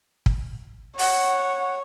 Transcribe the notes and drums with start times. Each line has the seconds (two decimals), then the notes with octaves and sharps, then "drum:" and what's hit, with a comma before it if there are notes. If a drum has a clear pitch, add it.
0.26 drum: kick
0.99 C#5 F#5, drum: open hi-hat